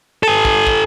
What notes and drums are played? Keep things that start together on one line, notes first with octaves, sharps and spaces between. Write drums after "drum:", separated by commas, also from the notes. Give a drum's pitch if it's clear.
A4 G#5
drum: kick
drum: kick